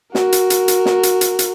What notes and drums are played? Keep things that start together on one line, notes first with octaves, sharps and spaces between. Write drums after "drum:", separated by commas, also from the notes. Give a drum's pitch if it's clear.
F#4 A#4, drum: snare
drum: hi-hat
drum: hi-hat
drum: hi-hat
drum: snare
drum: hi-hat
drum: hi-hat
drum: hi-hat